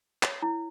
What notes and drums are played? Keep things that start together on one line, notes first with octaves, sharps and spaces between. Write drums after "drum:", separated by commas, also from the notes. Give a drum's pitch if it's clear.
C#5, drum: clap
E4